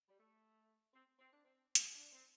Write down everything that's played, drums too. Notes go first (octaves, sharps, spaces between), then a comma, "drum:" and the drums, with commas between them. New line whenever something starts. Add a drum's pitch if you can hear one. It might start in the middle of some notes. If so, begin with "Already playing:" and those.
G3
A3
C4
C4
D4
C4
drum: hi-hat
D4
C4